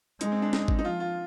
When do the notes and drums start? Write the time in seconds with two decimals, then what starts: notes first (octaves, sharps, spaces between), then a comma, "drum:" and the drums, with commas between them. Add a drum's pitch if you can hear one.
0.21 G#3 D#4, drum: hi-hat
0.32 C4
0.42 D4
0.53 D#4, drum: snare
0.68 drum: kick G#1
0.79 D#4
0.84 F3 F4
1.00 F4